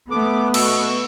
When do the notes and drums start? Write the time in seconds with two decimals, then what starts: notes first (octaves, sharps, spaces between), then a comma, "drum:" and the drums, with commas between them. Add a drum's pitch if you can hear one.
0.11 A3 B3 D6
0.54 B2 C#6 E6, drum: cymbal